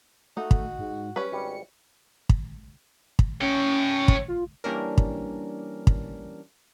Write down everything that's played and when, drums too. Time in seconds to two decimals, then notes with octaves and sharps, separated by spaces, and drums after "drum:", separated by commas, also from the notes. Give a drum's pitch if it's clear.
0.37 A3 D#4 F#4
0.51 drum: kick
0.78 G#2
1.16 G3 C#4 B4
1.32 G#1 G3 C#7
2.29 drum: kick
3.19 drum: kick
3.41 C#4 C#5 G5
4.08 drum: kick
4.28 F4
4.64 E3 G3 A#3 C#4 D4 A#4
4.98 drum: kick
5.87 drum: kick